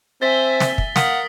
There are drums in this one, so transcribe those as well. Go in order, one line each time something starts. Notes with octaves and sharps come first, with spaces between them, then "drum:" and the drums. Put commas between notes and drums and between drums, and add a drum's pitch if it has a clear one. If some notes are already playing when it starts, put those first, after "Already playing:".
C4 C5 E5 G#5 A6 B6 G7
drum: snare
drum: kick
A#4 F5 F#5 D#6 B6, drum: snare